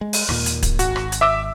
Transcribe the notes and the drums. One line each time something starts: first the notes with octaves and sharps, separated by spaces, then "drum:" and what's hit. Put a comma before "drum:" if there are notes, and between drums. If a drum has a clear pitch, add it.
G#3
drum: open hi-hat
D#2 A#2, drum: rim click
drum: hi-hat
drum: kick D1, hi-hat
G#1 F#4, drum: hi-hat
drum: rim click
drum: hi-hat
E5 D6 E6